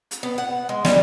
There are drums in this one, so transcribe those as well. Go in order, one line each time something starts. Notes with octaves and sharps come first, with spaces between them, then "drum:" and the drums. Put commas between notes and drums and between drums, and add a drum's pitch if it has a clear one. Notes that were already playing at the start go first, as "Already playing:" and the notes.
drum: hi-hat
B3
F#5
G#3
G3, drum: snare